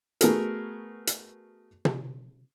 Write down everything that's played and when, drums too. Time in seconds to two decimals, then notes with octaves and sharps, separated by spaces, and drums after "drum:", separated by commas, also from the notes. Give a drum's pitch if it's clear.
0.21 A3 B3 F#4 G#4 A#4, drum: hi-hat
1.07 drum: hi-hat
1.85 drum: tom